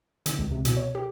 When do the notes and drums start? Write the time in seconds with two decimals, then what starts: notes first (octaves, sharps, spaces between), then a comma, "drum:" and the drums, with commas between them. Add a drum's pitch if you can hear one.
0.26 D3, drum: hi-hat
0.39 C#2
0.51 C3
0.65 B2, drum: hi-hat
0.77 C#5
0.95 G4